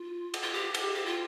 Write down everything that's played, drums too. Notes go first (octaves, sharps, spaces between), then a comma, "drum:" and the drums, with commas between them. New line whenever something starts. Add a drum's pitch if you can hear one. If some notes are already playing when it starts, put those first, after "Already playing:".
Already playing: F4
drum: cymbal
F4
G4
drum: cymbal
G4
F4